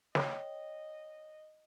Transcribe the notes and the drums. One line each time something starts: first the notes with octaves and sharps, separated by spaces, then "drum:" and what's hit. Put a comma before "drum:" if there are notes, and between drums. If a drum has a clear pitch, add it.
C#5 D#5 G5, drum: snare